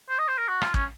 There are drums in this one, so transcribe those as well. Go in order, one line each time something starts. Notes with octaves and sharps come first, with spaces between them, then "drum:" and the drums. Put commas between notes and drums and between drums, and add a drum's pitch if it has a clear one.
C5
D#5
C5
A#4
F#4
F4, drum: rim click
C#4, drum: kick